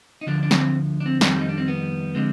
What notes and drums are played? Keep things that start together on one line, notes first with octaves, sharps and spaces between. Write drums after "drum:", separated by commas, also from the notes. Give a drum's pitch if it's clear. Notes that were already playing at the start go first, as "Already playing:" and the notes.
D#4
D2 D3 F3 D4
D4
C4, drum: snare
D4
C4
F2 D#3 G3 C4, drum: snare
D#4
D4
C4
B3
D3 F3 G#3 C4